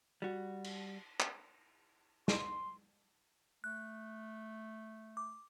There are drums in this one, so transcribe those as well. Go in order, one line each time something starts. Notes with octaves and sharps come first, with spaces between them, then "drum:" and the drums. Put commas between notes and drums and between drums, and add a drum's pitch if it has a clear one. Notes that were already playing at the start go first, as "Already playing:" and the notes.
G3 F#4
drum: cymbal
drum: clap
C6, drum: snare
A3 F#6
D6